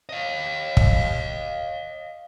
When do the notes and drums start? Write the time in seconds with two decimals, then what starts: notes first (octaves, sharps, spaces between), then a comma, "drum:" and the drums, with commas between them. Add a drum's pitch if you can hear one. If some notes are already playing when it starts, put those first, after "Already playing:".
0.09 D#5 F5
0.77 drum: kick